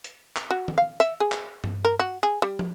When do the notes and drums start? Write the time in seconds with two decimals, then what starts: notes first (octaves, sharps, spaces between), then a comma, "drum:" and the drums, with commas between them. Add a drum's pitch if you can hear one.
0.04 drum: hi-hat
0.36 drum: clap
0.51 F#4
0.68 drum: tom D#3
0.78 F5
1.00 E5, drum: hi-hat
1.20 G#4
1.32 drum: clap
1.64 drum: tom G2
1.85 A#4
1.99 F#4
2.23 G#4
2.42 G3
2.59 drum: tom